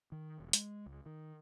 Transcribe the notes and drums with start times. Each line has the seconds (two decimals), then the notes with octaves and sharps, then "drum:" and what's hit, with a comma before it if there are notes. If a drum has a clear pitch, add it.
0.12 D#3
0.40 E1
0.53 G#3, drum: hi-hat
0.86 C#2
1.06 D#3